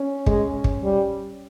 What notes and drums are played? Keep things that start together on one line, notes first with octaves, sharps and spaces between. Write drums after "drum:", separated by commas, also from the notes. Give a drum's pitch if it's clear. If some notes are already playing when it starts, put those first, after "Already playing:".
Already playing: C#4
G#3, drum: kick
drum: kick
G3